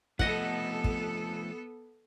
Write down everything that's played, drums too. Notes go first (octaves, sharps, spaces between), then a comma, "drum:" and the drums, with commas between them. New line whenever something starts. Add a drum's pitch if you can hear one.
F3 A3 B3 A4 D#5 F#5, drum: kick
drum: kick